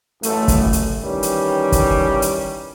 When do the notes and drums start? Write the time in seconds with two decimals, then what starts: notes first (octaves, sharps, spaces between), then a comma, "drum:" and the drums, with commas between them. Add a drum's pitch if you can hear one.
0.23 A1 F#2 A3, drum: hi-hat
0.48 drum: kick, hi-hat
0.73 drum: hi-hat
1.03 D#3 E3 G3 C#4 D#4
1.23 drum: hi-hat
1.72 drum: kick, hi-hat
2.22 drum: hi-hat